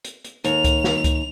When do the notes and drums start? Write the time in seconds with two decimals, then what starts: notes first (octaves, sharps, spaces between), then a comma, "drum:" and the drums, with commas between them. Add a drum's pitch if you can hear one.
0.05 drum: hi-hat
0.24 drum: hi-hat
0.44 D#2 F7, drum: hi-hat
0.64 drum: kick C#2, hi-hat
0.84 drum: snare
1.04 drum: kick C#2, hi-hat